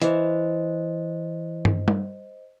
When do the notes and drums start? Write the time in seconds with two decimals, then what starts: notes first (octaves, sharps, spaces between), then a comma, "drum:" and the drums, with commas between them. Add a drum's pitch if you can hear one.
0.02 E3 C5 D#5, drum: hi-hat
1.65 drum: tom
1.88 drum: tom G3